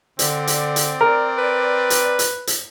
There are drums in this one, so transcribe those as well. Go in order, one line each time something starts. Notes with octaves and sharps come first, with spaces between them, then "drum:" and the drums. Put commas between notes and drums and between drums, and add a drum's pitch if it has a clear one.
D3 C4 D5, drum: hi-hat
drum: hi-hat
drum: hi-hat
A#4
B4
drum: hi-hat
drum: hi-hat
drum: hi-hat